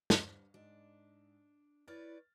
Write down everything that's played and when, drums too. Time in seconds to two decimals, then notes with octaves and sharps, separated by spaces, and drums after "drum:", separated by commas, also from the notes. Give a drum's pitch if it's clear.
0.10 G2 C5, drum: snare
0.54 G#2 D4
1.88 E4 B4 C#5 D5 F6 A6